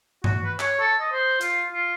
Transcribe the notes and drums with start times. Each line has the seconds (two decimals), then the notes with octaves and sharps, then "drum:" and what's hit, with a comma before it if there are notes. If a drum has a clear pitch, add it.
0.24 F#4, drum: tom G2
0.44 B4
0.60 C#5, drum: clap
0.79 A4
1.01 D#5
1.13 C5
1.41 F4, drum: hi-hat
1.73 F4